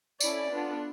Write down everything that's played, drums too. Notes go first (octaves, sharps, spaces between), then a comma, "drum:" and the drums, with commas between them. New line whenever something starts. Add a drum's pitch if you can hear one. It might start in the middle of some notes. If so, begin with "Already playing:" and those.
C#4 E4 A4 D5, drum: tambourine
B3 D4 F4 A4